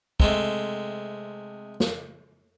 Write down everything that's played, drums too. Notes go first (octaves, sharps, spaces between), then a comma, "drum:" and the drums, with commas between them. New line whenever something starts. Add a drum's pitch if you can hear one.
C3 G#3 A3, drum: kick
drum: snare